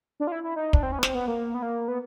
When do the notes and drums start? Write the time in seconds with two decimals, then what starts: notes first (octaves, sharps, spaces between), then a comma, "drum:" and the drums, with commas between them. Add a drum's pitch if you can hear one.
0.20 D4
0.27 F4
0.32 E4
0.44 E4
0.56 D#4
0.73 D4, drum: kick
0.83 C4
0.92 C#4
0.99 B3
1.03 C4, drum: snare
1.15 B3
1.28 A#3
1.54 B3
1.62 A#3
1.88 B3